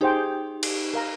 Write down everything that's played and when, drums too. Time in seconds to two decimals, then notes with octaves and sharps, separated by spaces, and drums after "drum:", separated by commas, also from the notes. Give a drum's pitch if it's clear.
0.01 D#4 G4 G#4 C5 G5
0.63 drum: cymbal
0.94 A#4 F5 A#5